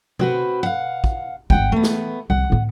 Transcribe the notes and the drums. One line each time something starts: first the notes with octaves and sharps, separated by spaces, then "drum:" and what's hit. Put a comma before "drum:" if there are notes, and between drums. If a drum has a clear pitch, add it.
C4 F#4 B4, drum: tom B2
F5 F#5
drum: kick
G#1 G#3 F#5 G5, drum: kick
E3 A3 B3
drum: snare
C2 F3 F#5
A2 B3